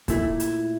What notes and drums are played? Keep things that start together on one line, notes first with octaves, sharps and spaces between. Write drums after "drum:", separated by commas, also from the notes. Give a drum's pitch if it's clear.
A#2 A3 E4, drum: kick, hi-hat
drum: hi-hat